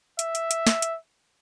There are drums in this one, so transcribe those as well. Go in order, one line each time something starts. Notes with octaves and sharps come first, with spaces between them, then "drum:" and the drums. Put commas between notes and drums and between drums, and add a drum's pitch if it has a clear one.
E5, drum: hi-hat
drum: hi-hat
drum: hi-hat
drum: snare
drum: hi-hat